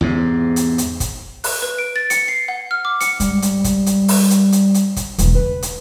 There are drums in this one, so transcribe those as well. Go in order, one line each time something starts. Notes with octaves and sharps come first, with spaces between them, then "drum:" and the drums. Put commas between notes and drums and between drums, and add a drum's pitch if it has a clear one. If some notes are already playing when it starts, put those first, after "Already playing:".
E2 G#2 C3
drum: hi-hat
drum: hi-hat
drum: kick, hi-hat
F#6, drum: open hi-hat
B4
D7
A6
C#7, drum: hi-hat
C7
F#5
F6
D6
C#7, drum: hi-hat
G#2 G3, drum: hi-hat
drum: hi-hat
drum: kick, hi-hat
drum: hi-hat
drum: open hi-hat
drum: hi-hat
drum: hi-hat
drum: hi-hat
drum: kick, hi-hat
E1 D2 E3, drum: hi-hat
C#3 B4
drum: hi-hat